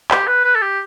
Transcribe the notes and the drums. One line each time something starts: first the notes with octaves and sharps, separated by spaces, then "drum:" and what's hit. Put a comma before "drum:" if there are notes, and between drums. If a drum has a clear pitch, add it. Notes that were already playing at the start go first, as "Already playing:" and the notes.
G4, drum: clap
B4
B4
A4
G4